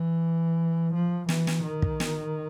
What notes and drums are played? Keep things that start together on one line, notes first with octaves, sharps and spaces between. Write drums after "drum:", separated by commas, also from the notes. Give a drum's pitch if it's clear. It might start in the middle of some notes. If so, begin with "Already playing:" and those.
Already playing: E3
F3
E3, drum: snare
drum: snare
D#3
drum: kick
drum: snare